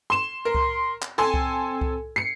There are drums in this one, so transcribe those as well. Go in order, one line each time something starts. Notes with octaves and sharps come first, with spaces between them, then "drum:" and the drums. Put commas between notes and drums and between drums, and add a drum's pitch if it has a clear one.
C6 E7
A#4 C6
drum: kick C2
drum: clap
C4 A4 G#5 C6
drum: kick C2
drum: kick C2
C7 C#7